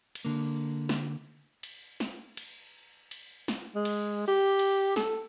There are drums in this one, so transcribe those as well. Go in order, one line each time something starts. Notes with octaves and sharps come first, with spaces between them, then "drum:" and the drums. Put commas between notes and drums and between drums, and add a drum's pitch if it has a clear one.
drum: cymbal
D3 A#3
drum: snare
drum: cymbal
drum: snare
drum: cymbal
drum: cymbal
drum: snare
G#3
drum: cymbal
G4
drum: cymbal
A4, drum: snare